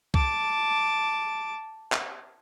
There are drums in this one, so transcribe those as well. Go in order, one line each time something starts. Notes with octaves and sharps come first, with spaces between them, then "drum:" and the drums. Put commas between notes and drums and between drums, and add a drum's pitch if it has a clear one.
A5 D6, drum: kick C2
drum: clap